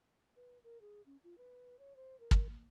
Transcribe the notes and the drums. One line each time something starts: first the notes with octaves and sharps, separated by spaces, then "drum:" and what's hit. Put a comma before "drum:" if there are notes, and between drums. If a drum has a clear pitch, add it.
B4
A#4
G#4
C#4
F4
B4
C#5
C5
A#4
drum: kick
A#3